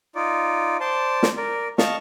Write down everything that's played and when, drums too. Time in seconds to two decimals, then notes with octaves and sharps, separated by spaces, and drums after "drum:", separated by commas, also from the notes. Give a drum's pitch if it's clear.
0.15 D#4 F4 D5
0.80 C5 D5 A5 C6
1.23 drum: snare
1.37 A#4 D5
1.78 D#5 F5 A5 C#6, drum: snare